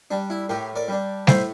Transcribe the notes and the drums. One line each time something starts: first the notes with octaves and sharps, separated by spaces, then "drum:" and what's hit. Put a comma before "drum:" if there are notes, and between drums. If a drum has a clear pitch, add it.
G3 D4
E4
A2 G4 A#4
A#4 D5
G3 D4
A2 C5 E5, drum: snare G3